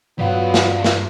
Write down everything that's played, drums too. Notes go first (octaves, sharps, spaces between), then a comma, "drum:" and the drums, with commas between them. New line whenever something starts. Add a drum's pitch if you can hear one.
G2 F#3 G3 B3 F4 F5
drum: snare
drum: snare